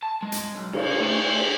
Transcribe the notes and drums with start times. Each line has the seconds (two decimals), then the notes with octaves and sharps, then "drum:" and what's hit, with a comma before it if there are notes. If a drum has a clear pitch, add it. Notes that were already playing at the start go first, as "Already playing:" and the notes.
0.03 A5
0.23 G#3
0.32 drum: hi-hat
0.55 B1
0.73 C#3, drum: cymbal
1.00 A3
1.26 C5
1.40 G4